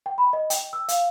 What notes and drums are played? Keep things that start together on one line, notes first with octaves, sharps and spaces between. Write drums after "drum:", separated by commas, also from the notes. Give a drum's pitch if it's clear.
G5
B5
D#5
G5, drum: hi-hat
E6
F5, drum: hi-hat